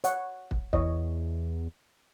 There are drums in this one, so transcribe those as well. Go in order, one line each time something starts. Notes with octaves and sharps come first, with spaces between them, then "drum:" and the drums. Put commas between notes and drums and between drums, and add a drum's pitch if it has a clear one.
C#5 F#5, drum: hi-hat
drum: kick
E2 C#5 D#5, drum: kick